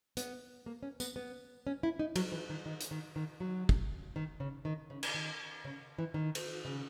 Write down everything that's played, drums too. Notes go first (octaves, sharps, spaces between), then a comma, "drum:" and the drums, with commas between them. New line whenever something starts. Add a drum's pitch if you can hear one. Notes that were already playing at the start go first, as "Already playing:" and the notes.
B3, drum: hi-hat
A#3
C#4
B3, drum: tambourine
B3
C#4
E4
D#4
F#3, drum: cymbal
E3
D#3
D#3
drum: hi-hat
D#3
D#3
F#3
drum: kick
D#3
C#3
D#3
C#3
drum: cymbal
D#3
C#3
E3
D#3
drum: cymbal
C#3